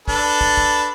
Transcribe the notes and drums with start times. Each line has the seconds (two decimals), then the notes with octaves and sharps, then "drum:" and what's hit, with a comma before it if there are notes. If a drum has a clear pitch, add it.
0.08 D4 A4 B4, drum: kick
0.41 drum: kick
0.57 drum: kick